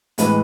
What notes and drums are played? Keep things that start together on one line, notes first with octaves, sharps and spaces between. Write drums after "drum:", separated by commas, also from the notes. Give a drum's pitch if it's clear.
A2 E3 G#3 B4, drum: hi-hat